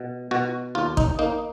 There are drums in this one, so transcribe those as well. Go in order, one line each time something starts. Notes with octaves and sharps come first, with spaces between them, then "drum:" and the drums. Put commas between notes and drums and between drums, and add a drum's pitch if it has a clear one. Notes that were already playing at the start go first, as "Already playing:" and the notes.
Already playing: B2
B2 F#4
D#2 F4
D#4, drum: kick
A#3 D#4